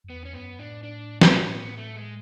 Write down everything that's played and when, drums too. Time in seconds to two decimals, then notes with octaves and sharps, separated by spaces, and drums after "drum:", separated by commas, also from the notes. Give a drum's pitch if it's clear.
0.04 F#2
0.09 E2 B3
0.25 C#4
0.33 F#2 B3
0.59 A2 D4
0.83 D4
1.21 C#4, drum: snare
1.58 B3
1.77 A3
1.96 G#3